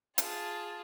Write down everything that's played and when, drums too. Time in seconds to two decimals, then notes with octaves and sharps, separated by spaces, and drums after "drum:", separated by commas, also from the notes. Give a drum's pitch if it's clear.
0.18 F4 G#4 A5, drum: hi-hat